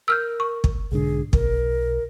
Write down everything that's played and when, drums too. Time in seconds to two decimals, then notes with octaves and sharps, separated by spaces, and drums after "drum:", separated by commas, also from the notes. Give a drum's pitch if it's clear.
0.08 A#4 E6 F6 G6
0.40 C#6
0.64 drum: kick
0.92 B1 G#2 D3 G#4
1.33 B1 A#4, drum: kick